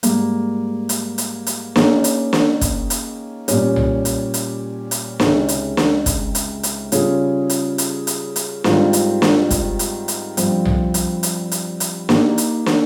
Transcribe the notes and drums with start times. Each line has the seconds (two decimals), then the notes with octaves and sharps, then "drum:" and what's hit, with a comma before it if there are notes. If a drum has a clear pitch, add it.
0.03 G#2 G3 A#3, drum: hi-hat
0.89 drum: hi-hat
1.18 drum: hi-hat
1.47 drum: hi-hat
1.76 D#3 A#3 C#4 G#4, drum: snare
2.04 drum: hi-hat
2.33 drum: snare
2.61 drum: kick, hi-hat
2.90 drum: hi-hat
3.48 A#2 G3 C#4 G4, drum: hi-hat
3.76 drum: tom B1
4.05 drum: hi-hat
4.34 drum: hi-hat
4.91 drum: hi-hat
5.20 C#2 C3 D#3 G#3 C#4, drum: snare
5.49 drum: hi-hat
5.77 drum: snare
6.06 drum: kick, hi-hat
6.35 drum: hi-hat
6.63 drum: hi-hat
6.92 C#3 G3 C#4 F4 G#4, drum: hi-hat
7.50 drum: hi-hat
7.78 drum: hi-hat
8.07 drum: hi-hat
8.36 drum: hi-hat
8.64 G#2 D#3 G3 C4 F4, drum: snare
8.93 drum: hi-hat
9.22 drum: snare
9.51 drum: kick, hi-hat
9.79 drum: hi-hat
10.08 drum: hi-hat
10.37 G2 F3 C4, drum: hi-hat
10.65 drum: tom B1
10.94 drum: hi-hat
11.23 drum: hi-hat
11.52 drum: hi-hat
11.80 drum: hi-hat
12.09 D#3 A#3 D#4 G4, drum: snare
12.38 drum: hi-hat
12.66 drum: snare